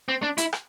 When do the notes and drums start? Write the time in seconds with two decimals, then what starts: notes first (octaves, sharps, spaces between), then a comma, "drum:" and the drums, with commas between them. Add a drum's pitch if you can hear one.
0.09 C4
0.23 D4
0.38 E4, drum: hi-hat
0.53 drum: rim click